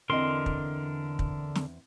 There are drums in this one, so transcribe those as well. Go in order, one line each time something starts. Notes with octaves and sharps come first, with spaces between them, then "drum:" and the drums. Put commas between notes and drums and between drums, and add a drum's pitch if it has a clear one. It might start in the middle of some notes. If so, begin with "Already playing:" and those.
E2 D3 C4 A#4 D#5 C6
drum: kick
drum: kick
drum: snare